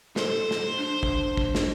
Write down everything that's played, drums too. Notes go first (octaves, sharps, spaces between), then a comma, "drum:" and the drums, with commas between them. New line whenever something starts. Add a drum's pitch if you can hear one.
A4 C5, drum: snare
drum: snare
D4
drum: kick
drum: kick
drum: snare